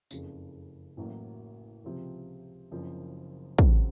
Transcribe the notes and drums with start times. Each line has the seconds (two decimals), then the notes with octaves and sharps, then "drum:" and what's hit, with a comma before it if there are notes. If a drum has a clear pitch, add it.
0.11 F#1 F2 C#3, drum: tambourine
0.97 A1 A2 F#3 A#3
1.84 C#2 C3 F3 C4
2.71 F#1 F#2 F3 C4
3.59 C#2 C#3 F#3 C4, drum: kick